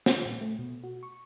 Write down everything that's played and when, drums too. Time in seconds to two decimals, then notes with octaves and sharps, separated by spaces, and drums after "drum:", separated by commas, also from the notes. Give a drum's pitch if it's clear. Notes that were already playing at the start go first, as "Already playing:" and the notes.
0.06 C#3, drum: snare
0.26 A#2
0.41 A3
0.59 B2
0.84 F#4
1.03 C#6